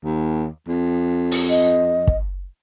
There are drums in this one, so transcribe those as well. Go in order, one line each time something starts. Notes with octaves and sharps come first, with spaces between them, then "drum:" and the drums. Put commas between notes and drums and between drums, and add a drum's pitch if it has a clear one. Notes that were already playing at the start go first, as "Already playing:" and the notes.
D#2
F2
drum: open hi-hat
D#5
drum: kick